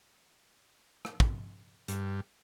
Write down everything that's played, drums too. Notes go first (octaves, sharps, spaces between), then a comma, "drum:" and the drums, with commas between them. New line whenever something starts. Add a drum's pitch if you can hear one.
drum: rim click
drum: kick
G2, drum: hi-hat